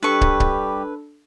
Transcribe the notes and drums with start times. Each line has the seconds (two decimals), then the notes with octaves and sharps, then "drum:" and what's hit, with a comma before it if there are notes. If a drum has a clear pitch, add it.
0.03 G3 D4 G4 A4 B4 C#6
0.21 drum: kick
0.40 drum: kick